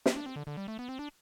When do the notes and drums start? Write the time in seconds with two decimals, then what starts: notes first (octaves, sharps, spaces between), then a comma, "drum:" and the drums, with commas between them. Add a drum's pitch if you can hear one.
0.06 C4, drum: snare
0.16 D4
0.26 C4
0.36 D3
0.47 D3
0.57 G3
0.68 A3
0.79 B3
0.89 C4
0.99 D4